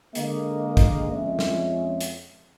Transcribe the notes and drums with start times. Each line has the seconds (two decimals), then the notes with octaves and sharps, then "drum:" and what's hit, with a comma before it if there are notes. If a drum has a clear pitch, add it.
0.15 D3 G#3 A#3 D#5, drum: hi-hat
0.77 drum: kick, hi-hat
1.11 F2 G#3 C#4 E5
1.39 drum: snare
2.01 drum: hi-hat